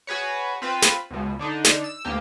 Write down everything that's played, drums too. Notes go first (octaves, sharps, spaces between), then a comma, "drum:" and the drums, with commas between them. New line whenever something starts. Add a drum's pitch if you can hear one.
F#4 G#4 B4 C#5
C4 F4 B4
drum: snare
C#2 B2
D3 D4 D#4
drum: snare
E6
D2 A#3 G4